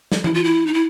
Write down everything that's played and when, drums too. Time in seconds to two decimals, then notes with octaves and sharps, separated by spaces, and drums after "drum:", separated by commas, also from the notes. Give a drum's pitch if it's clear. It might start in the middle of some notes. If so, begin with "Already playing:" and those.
0.12 drum: snare
0.24 E4, drum: tom E3
0.34 F4
0.44 E4
0.67 D#4
0.74 E4